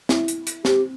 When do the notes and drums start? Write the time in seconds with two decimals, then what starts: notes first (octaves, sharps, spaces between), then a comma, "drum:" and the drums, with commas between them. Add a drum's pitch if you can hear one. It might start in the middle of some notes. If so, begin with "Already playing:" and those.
0.09 E4, drum: snare
0.28 drum: hi-hat
0.47 drum: hi-hat
0.65 C4 G4, drum: snare